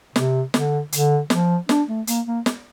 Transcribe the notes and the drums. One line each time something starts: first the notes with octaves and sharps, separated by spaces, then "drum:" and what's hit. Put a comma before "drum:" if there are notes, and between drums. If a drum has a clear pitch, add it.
C3, drum: snare
D3, drum: snare
D3, drum: hi-hat
F3, drum: snare
D4, drum: snare
A3
A#3, drum: hi-hat
A#3
drum: snare